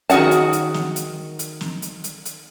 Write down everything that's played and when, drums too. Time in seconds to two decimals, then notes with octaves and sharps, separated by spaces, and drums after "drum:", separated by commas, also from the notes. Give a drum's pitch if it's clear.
0.10 D#3 F#4 G#4 F#5 A5, drum: hi-hat
0.31 drum: hi-hat
0.53 drum: hi-hat
0.74 drum: snare
0.96 drum: hi-hat
1.39 drum: hi-hat
1.61 drum: snare
1.82 drum: hi-hat
2.04 drum: hi-hat
2.25 drum: hi-hat